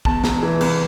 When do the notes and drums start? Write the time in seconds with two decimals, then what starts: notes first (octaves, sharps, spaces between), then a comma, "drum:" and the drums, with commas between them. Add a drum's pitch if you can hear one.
0.05 E2 A5, drum: kick
0.24 E1, drum: snare
0.43 E3
0.61 C2, drum: cymbal